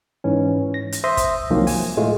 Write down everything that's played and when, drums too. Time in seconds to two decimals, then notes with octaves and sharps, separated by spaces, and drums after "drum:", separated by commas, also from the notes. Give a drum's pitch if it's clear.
0.24 G#2 E3 C#4
0.74 A#6
0.92 drum: hi-hat
1.04 C5 E5 C6 D#6 A#6
1.17 drum: kick, hi-hat
1.50 C2 D#3 F3 F#3 A#3 C4
1.67 G#5, drum: open hi-hat
1.97 A2 G#3 A3 F4